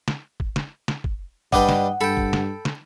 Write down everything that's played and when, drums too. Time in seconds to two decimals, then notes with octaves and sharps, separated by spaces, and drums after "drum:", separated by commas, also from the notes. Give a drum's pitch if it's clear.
0.08 drum: snare
0.40 drum: kick
0.56 drum: snare
0.88 drum: snare
1.04 drum: kick
1.53 G2 G3 D4 B4 D#5 F#5 G5, drum: kick
1.69 drum: snare
2.01 G2 A4 G5 B5
2.17 drum: kick
2.33 drum: snare
2.65 drum: snare